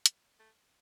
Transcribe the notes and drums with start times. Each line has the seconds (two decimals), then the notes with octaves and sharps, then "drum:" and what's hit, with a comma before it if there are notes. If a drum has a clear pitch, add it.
0.06 drum: hi-hat
0.39 A3